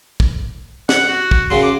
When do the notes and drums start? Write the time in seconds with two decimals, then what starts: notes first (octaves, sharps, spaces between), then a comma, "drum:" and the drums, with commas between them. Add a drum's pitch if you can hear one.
0.20 drum: kick
0.89 F#5, drum: snare
1.09 F#4
1.31 drum: kick
1.50 F#2 C#3 F#3 C6
1.63 D6